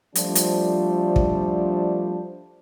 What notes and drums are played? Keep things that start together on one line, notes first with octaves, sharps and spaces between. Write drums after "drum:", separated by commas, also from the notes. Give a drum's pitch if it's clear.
F3 G3 A3 D4 F4 C5, drum: hi-hat
drum: hi-hat
drum: kick